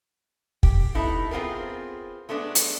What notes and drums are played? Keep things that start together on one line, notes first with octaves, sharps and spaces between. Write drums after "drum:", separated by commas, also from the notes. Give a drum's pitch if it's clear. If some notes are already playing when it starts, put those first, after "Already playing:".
G4, drum: kick
B3 D#4 E4 A4
B3 C4 F4 G#4 A#4
G#3 A3 B3 D4
drum: hi-hat